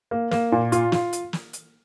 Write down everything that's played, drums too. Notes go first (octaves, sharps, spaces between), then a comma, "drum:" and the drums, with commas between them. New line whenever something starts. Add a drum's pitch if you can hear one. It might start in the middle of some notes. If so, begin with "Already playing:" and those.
A#3
A#3, drum: snare
A#2
F4, drum: hi-hat
F4, drum: snare
drum: hi-hat
drum: snare
drum: hi-hat